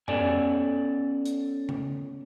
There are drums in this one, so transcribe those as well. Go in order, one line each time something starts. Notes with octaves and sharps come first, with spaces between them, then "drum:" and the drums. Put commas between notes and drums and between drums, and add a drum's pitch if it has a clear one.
B3 C#4 A4 D5 G#5, drum: tom F2
drum: hi-hat
drum: tom C#3